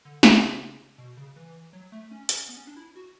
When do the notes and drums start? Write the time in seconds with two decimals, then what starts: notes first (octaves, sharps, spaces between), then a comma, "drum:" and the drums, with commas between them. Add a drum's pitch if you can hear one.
0.05 D3
0.23 C#3, drum: snare
0.98 B2
1.17 C#3
1.36 E3
1.73 F#3
1.92 A3
2.11 C#4
2.29 C#4, drum: hi-hat
2.48 B3
2.57 C#4
2.67 D4
2.77 E4
2.96 F#4